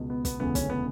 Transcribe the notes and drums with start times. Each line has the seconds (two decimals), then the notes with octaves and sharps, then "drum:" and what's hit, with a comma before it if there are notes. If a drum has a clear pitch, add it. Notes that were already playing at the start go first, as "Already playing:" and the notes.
Already playing: C#2 B2
0.10 B3
0.25 B3, drum: kick, hi-hat
0.40 E1 D2 C#3 E3 B3
0.55 C#4, drum: kick, hi-hat
0.70 B3